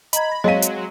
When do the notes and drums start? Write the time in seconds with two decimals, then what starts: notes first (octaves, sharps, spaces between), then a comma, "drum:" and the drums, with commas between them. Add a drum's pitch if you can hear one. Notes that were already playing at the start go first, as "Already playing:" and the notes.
0.13 D#5 A#5 B5 G#6, drum: hi-hat
0.32 A#6
0.44 F#3 G#3 C4 D#5 F5 D#7
0.62 drum: hi-hat